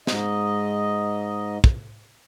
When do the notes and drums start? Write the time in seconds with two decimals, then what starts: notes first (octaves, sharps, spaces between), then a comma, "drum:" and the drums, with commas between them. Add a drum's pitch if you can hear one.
0.07 G#2 D#5, drum: snare
1.64 drum: kick